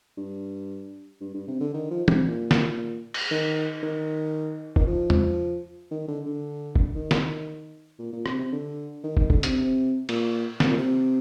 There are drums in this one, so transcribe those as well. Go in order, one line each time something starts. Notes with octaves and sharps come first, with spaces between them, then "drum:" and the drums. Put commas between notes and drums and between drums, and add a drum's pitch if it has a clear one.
G2
G2
G2
C3
D3
D#3
F3
C3, drum: tom
A#2
drum: snare
drum: cymbal
D#3
D#3
D#3, drum: kick
F3
drum: tom
D#3
D3
D3
drum: kick
D#3
drum: snare
A#2
A#2
C3, drum: rim click
C3
D3
D#3
D#3, drum: kick
D3, drum: kick
C3, drum: hi-hat
C3
A#2, drum: cymbal
C3, drum: snare
A#2
C3